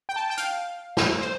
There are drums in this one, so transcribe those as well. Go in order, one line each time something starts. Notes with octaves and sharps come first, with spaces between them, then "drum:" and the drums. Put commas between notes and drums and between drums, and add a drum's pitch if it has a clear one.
G5
A5
G5
F5, drum: hi-hat
drum: snare
C5